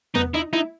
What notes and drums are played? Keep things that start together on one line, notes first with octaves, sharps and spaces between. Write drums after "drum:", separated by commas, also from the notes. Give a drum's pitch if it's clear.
B3 D#4, drum: tom E2
D#4 E4
D#4 E4